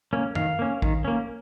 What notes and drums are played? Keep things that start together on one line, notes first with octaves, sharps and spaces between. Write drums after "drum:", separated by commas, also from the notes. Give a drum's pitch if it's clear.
A#3 C#4
D#3 F5, drum: tom F#2
A#3 C#4
D#3, drum: kick
A#3 C#4